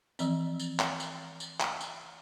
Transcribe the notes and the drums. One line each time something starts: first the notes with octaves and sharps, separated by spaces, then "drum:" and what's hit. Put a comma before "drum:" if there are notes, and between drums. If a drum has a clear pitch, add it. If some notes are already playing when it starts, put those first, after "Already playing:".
E3 F3 C4, drum: tambourine
drum: tambourine
drum: clap
drum: tambourine
drum: tambourine
drum: clap
drum: tambourine